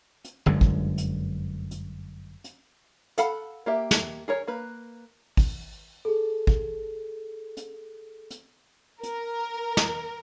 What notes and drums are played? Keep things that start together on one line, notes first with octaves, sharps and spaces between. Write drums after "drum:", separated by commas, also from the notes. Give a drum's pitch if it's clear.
drum: hi-hat
G1 F#2 D3 G#3
drum: kick G#1
drum: hi-hat
drum: hi-hat
drum: hi-hat
A4 F5 F#5 B5, drum: hi-hat
A#3 G4 E5
drum: snare
G#4 A#4 C#5
A#3 B4
drum: kick G#1, open hi-hat
G#4 A4
drum: kick G#1
drum: hi-hat
drum: hi-hat
A#4, drum: hi-hat
drum: snare